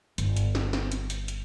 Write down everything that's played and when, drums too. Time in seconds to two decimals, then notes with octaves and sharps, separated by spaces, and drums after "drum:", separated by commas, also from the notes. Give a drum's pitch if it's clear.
0.18 G1, drum: hi-hat
0.37 drum: hi-hat
0.55 drum: snare
0.73 drum: snare
0.92 drum: hi-hat
1.10 drum: hi-hat
1.28 drum: hi-hat